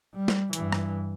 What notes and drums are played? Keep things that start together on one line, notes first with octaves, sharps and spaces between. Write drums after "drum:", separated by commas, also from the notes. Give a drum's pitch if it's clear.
G3
drum: snare
G2 E3, drum: hi-hat
drum: rim click